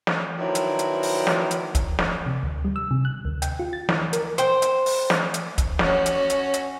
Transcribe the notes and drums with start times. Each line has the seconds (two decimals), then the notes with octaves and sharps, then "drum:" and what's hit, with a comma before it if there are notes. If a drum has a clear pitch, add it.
0.07 drum: snare
0.38 D#3 F3 F#3 B3 D4 E4
0.55 drum: hi-hat
0.79 drum: hi-hat
1.03 drum: open hi-hat
1.27 drum: snare
1.51 drum: hi-hat
1.75 drum: kick, hi-hat
1.99 drum: snare
2.26 C3
2.43 D2
2.65 G3
2.76 E6
2.91 C3
3.05 F#6
3.25 D2
3.42 G5, drum: hi-hat
3.59 F4
3.73 A6
3.89 E3, drum: snare
4.13 A#4, drum: hi-hat
4.38 C5 G5, drum: hi-hat
4.62 drum: hi-hat
4.86 drum: open hi-hat
5.10 drum: snare
5.34 drum: hi-hat
5.58 drum: kick, hi-hat
5.79 C#4 F#4, drum: snare
6.06 drum: hi-hat
6.30 drum: hi-hat
6.54 drum: hi-hat